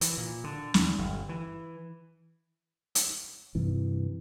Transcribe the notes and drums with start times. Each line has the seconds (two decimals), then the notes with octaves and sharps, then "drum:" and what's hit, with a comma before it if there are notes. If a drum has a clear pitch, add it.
0.01 E3, drum: hi-hat
0.18 A#2
0.44 D3
0.74 E2, drum: snare
0.98 G1
1.29 E3
2.95 drum: hi-hat
3.55 G2 C3 E3